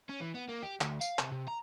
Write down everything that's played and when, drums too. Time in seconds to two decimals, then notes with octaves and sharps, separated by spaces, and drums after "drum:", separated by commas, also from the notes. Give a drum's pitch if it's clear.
0.10 C#4
0.21 E3
0.35 B3
0.49 A#3
0.63 G4
0.81 D2, drum: clap
1.01 F5, drum: tambourine
1.19 C3, drum: clap
1.32 C3
1.48 A#5